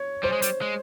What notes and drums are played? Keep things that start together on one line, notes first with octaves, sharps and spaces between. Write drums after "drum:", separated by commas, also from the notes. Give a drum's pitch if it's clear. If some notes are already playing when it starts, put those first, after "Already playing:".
Already playing: C#5
G3 C5
G#3
G3, drum: hi-hat
G#3